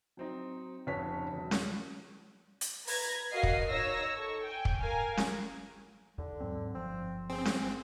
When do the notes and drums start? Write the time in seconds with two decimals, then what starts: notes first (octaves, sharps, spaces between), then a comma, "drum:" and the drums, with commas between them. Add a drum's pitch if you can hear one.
0.17 F#3 C4 D#4
0.87 F1 C#3 B4 C#5 B6
1.33 E1 F#3
1.51 drum: snare C#4
2.61 drum: hi-hat
2.87 B4 A#5 G#6 A#6, drum: open hi-hat
3.33 F#4 A#4 D#5 F5 C7
3.43 drum: kick
3.69 D#4 C#5 E6 A#6
4.15 A4 C#6
4.44 G5 G#5
4.65 drum: kick
4.80 A#4 F5 G#5
5.17 drum: snare C#4
6.18 D#2 D3
6.40 G#2 F#3 C4
6.75 G1 F3 C4
7.29 C4 G#4
7.45 drum: snare C#4